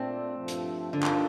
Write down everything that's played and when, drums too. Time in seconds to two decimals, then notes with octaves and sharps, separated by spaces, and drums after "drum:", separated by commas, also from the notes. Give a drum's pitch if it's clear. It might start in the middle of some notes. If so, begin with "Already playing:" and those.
Already playing: A#2 A3 C4 D4
0.34 G2 F3 A3
0.48 drum: hi-hat
0.93 G2 D3 D#3 A#3 F4 A4
1.03 drum: clap